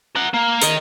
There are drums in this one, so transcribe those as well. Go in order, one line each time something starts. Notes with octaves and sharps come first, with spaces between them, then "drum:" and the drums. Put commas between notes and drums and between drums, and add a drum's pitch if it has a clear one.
A#4 F#5
A#3
A#4 D#5, drum: hi-hat